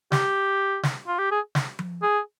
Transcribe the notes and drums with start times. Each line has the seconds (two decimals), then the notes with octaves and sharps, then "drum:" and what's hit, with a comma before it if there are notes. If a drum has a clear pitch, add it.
0.12 G4, drum: snare
0.83 drum: snare
1.07 F4
1.19 G4
1.31 G#4
1.55 drum: snare
1.79 drum: tom F3
2.02 G#4